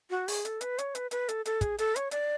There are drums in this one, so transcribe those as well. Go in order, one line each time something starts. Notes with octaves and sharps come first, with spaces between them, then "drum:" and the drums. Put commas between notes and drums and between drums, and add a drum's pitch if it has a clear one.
F#4
G#4, drum: open hi-hat
A4, drum: hi-hat
B4, drum: hi-hat
C#5, drum: hi-hat
B4, drum: hi-hat
B4, drum: hi-hat
A4, drum: hi-hat
A4, drum: hi-hat
G#4, drum: kick, hi-hat
A4, drum: hi-hat
C#5, drum: hi-hat
D5, drum: hi-hat